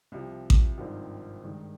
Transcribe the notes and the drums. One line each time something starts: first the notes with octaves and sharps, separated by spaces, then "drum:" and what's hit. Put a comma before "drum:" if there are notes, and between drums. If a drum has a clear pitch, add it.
C2 C3 F3
drum: kick A1
G#1 G2 F3 C4 D#4
G2 D#3 G#3